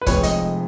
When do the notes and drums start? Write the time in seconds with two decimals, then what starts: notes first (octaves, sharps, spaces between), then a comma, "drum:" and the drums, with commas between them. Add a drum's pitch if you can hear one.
0.01 B4
0.06 F1 F2 F3 G#3 C#5, drum: kick, hi-hat
0.23 D#5, drum: hi-hat